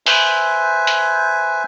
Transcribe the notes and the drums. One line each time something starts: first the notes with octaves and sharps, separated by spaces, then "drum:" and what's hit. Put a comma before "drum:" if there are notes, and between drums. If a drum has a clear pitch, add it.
B4 C5 E5 G#5, drum: open hi-hat
drum: hi-hat